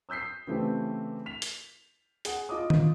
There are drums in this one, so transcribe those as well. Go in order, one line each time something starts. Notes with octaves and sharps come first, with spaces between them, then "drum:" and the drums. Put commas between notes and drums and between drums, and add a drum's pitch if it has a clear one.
D#6 E6 G6 B6 C7
C#3 E3 A3 C4 G4
B6 F7
drum: hi-hat
G#4 F#5, drum: hi-hat
F4 D#5 D6 D#6
drum: tom D#3